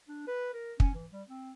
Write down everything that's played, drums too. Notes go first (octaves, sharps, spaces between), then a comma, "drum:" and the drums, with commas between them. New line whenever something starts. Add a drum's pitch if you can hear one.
D4
B4
A#4
C#4, drum: kick
E3
G3
C4